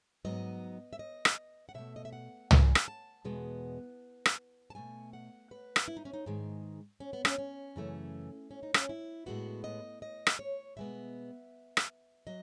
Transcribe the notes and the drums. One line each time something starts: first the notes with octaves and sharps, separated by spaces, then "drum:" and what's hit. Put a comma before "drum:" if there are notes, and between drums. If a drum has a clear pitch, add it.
G#2 F#3 B3 D#5
E5
D#5
drum: rim click
F#5
B2 A3 E5
D#5
E5
F#5
G#5, drum: tom
drum: rim click
A5
E2 B2 G#3 B3
drum: rim click
A5
B2 A3 G#5
F#5
B4
drum: rim click
E4
D#4
C#4
D#4
G#2 D#3 G#3
C#4
B3
C#4, drum: rim click
C#4
F#2 C#3 E3 A3
C#4
D#4
C#4, drum: rim click
E4
A2 G#3 B3 F#4
D#5
D#5
drum: rim click
C#5
B2 G#3 B3 E5
drum: rim click
F#3 D#5